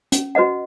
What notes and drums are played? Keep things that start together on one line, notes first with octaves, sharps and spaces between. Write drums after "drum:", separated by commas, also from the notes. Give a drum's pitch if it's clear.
C#4, drum: hi-hat
F#4 B4 D#5 F#5